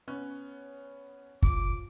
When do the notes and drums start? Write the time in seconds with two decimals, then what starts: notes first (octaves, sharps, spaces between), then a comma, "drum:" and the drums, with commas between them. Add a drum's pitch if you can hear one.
0.08 B3 C#4 F#6
1.43 F3 D6, drum: kick